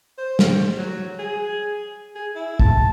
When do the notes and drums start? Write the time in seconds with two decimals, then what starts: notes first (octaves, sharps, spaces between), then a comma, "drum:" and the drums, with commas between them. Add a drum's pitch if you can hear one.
0.18 C5
0.39 drum: snare
0.78 F#3
1.19 G#4
2.15 G#4
2.35 E4
2.59 A5, drum: kick